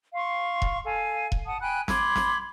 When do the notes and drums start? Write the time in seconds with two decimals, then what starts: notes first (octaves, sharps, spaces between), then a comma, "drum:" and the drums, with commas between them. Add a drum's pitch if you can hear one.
0.14 F5 C6 C#6
0.62 drum: kick E1
0.85 A4 F5 G#5
1.32 drum: kick E1
1.46 F#5 A5 D#6
1.61 G5 G#5 B5 F#6
1.88 B5 C6 D6 G#6, drum: snare
2.16 drum: snare